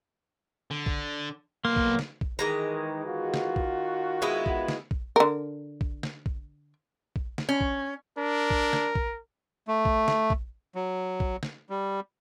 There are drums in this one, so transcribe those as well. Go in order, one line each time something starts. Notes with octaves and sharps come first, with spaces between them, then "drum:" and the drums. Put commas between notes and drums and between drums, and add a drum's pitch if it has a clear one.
D3
drum: kick A#1
B1 A#3 C6
drum: kick A#1
drum: snare
drum: kick A#1
D#3 E3 G#3 A#5
D#3 F4 F#4
drum: snare
drum: kick A#1
G#3 B3 E4
drum: kick A#1
drum: snare
drum: kick A#1
D3 A#4
drum: kick A#1
drum: snare
drum: kick A#1
drum: kick A#1
drum: snare
C#4
drum: kick A#1
D4 A#4
drum: kick A#1
drum: snare
drum: kick A#1
A3
drum: kick A#1
drum: snare
drum: kick A#1
F#3
drum: kick A#1
drum: snare
G3